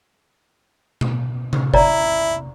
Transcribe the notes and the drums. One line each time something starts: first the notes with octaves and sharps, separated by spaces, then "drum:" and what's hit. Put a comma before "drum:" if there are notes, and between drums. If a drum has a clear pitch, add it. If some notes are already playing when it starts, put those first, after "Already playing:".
drum: tom B2
drum: tom C3
E4 D5 A#5, drum: kick G1